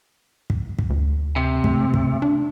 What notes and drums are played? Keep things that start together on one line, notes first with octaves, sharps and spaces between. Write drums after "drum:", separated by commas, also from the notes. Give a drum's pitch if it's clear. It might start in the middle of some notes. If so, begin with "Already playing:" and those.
drum: kick
drum: kick
D2
C3
A3, drum: kick
drum: kick
D4